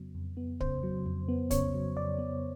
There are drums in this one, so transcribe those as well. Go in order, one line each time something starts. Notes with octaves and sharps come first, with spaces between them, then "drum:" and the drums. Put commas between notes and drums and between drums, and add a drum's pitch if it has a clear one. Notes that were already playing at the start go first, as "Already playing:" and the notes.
Already playing: F2 C#3 F#3 B3
F2
B3
C#3 C5, drum: kick
F#3
F2
B3
C#3 C#5, drum: kick, hi-hat
F#3
F2 D5
B3